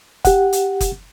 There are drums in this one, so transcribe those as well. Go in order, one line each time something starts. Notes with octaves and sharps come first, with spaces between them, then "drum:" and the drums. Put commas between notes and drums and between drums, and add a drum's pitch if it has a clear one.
G4 F#5, drum: kick, hi-hat
drum: hi-hat
drum: kick, hi-hat